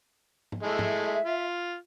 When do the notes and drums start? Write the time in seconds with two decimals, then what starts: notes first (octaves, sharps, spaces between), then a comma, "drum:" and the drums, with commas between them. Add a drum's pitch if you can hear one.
0.52 drum: tom G#2
0.63 G#3 A3 E4 E5
0.79 drum: tom G#2
1.24 F4